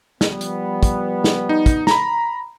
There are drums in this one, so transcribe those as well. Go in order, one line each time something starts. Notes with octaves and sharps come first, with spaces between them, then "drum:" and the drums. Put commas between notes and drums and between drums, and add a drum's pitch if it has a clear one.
F3 G3 B3, drum: snare
drum: hi-hat
drum: kick, hi-hat
drum: snare
D#4
drum: kick, hi-hat
A#5 B5, drum: snare